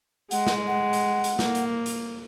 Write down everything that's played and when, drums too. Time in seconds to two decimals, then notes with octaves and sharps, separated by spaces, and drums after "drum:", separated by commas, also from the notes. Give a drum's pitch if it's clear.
0.31 G#3 F#5, drum: hi-hat
0.47 drum: snare
0.67 F#5
0.93 drum: hi-hat
1.24 drum: hi-hat
1.39 A#3, drum: snare
1.55 drum: hi-hat
1.86 drum: hi-hat